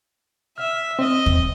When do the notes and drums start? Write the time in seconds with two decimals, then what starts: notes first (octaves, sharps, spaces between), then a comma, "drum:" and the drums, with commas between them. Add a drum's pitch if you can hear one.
0.58 E5 F6
0.99 C4 D#5
1.26 drum: kick